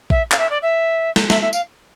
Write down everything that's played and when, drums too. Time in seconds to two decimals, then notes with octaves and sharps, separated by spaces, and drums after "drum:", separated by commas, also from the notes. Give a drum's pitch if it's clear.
0.10 E5, drum: kick
0.32 F5, drum: clap
0.38 E5
0.50 D5
0.62 E5
1.16 drum: snare
1.30 E5, drum: snare
1.41 E5
1.53 F5, drum: tambourine